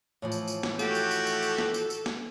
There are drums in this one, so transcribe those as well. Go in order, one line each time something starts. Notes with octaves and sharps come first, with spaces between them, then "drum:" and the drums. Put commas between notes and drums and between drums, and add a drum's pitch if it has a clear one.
A2 E3 F3
drum: tambourine
drum: tambourine
drum: snare
A3 F#4 G4 A4, drum: tambourine
drum: tambourine
drum: tambourine
drum: tambourine
drum: tambourine
drum: snare
drum: tambourine
drum: tambourine
drum: snare